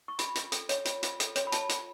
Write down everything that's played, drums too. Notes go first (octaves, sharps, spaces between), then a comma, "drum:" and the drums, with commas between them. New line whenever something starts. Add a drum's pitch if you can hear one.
C#6
F4 B5, drum: hi-hat
F4, drum: hi-hat
A4, drum: hi-hat
C#5, drum: hi-hat
F4, drum: hi-hat
F4, drum: hi-hat
A4, drum: hi-hat
C#5, drum: hi-hat
B5
F4 A5, drum: hi-hat
F4, drum: hi-hat